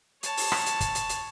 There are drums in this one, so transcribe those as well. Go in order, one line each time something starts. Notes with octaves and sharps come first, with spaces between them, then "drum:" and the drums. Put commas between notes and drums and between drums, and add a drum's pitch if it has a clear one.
C#5 A5, drum: hi-hat
drum: open hi-hat
drum: rim click
drum: hi-hat
drum: kick, hi-hat
drum: hi-hat
drum: hi-hat